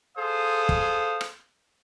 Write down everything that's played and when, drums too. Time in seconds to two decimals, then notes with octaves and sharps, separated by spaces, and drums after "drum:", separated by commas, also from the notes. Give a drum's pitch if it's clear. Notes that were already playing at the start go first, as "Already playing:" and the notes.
0.17 G#4 A4 C5 F5 D#6
0.69 drum: kick
1.21 drum: rim click